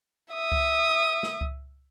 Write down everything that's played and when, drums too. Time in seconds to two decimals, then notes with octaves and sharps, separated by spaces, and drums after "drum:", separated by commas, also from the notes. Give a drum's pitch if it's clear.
0.34 E5 D#6
0.52 drum: kick C#2
1.23 drum: snare
1.41 drum: kick C#2